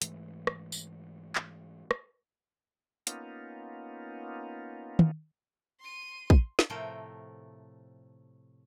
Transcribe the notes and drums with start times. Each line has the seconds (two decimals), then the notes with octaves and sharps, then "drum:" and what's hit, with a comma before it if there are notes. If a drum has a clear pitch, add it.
0.02 G#2 E3 A3, drum: hi-hat
0.47 drum: rim click
0.72 drum: tambourine
1.35 drum: clap
1.91 drum: rim click
3.07 A#3 B3 C#4 D#4 F4, drum: hi-hat
4.99 drum: tom
5.81 C6 D#7
6.30 drum: kick
6.59 drum: snare
6.70 A2 C3 F3 A3 A#4 G5